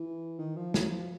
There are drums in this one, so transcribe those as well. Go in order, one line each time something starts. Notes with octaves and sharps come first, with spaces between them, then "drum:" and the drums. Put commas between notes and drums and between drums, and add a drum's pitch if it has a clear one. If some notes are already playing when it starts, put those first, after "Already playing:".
Already playing: E3
D#3
F3
F#3, drum: snare
F3